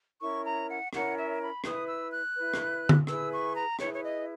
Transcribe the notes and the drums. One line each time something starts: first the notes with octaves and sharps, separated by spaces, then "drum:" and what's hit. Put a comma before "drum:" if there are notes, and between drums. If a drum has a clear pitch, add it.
C#4 E4 A#4 C#5 C#6
A#5
F#5
C#4 E4 A#4 C#5 F#5, drum: rim click
E5
B5
E4 B4 D#6, drum: rim click
E6
F#6
E4 B4
drum: rim click
drum: tom D3
E4 G#4 B4 E6, drum: rim click
C#6
A#5
E4 G#4 B4 C#5, drum: rim click
C#5
D#5